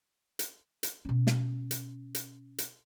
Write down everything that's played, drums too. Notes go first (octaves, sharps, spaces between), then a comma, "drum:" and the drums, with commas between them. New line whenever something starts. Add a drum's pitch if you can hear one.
drum: hi-hat
drum: hi-hat
B2 C#4
drum: snare
drum: hi-hat
drum: hi-hat
drum: hi-hat